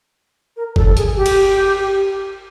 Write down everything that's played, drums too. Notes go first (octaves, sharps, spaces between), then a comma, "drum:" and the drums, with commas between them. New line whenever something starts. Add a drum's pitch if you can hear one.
A#4
A4, drum: kick F#1
G#4, drum: hi-hat
G4
drum: cymbal